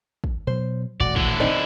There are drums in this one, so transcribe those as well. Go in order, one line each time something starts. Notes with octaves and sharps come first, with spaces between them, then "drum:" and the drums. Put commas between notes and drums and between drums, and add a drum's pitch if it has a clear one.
drum: kick
B2 F#3 C5
D#1 A1 A3 F#4 D5
D3 E4, drum: kick
C4 D4 D#4